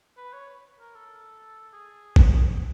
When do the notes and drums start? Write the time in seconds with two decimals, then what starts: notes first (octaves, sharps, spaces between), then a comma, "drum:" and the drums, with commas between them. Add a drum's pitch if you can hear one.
0.17 B4
0.33 C#5
0.79 A#4
0.95 A4
1.73 G#4
2.16 drum: kick A1
2.36 G#4